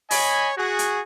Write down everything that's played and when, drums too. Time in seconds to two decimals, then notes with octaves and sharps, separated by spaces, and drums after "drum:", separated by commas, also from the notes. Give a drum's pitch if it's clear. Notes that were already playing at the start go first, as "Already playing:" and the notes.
0.11 C#5 D#5 G#5 B5, drum: open hi-hat
0.58 F#4 G#4
0.79 drum: hi-hat